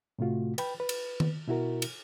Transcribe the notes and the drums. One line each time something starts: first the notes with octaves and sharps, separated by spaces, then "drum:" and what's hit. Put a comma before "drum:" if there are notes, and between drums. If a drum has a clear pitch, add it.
A2 C3 A3 F4 F#4
B4 G5 B5, drum: cymbal
B4
drum: cymbal
drum: tom D#3
B2 E4 F#4 A#4
drum: cymbal